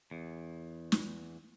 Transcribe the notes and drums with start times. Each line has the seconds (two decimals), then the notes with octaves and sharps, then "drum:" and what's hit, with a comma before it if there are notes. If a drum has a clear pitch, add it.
0.11 E2
0.92 drum: snare